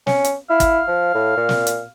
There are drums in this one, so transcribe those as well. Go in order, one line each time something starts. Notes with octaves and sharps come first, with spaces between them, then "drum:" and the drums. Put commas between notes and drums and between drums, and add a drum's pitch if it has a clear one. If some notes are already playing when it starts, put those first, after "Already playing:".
C#4, drum: snare
drum: hi-hat
E4 F5
drum: kick, hi-hat
F3
A2
A#2
drum: snare
drum: hi-hat